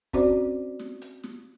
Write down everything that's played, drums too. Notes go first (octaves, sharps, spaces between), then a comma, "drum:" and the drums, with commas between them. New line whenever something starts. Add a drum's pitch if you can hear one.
C4 C#4 F#4 C5 D5, drum: kick, hi-hat
drum: snare
drum: hi-hat
drum: snare